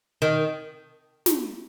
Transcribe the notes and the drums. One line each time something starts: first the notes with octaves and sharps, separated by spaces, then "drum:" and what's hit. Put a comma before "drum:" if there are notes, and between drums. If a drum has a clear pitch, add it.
D#3
drum: snare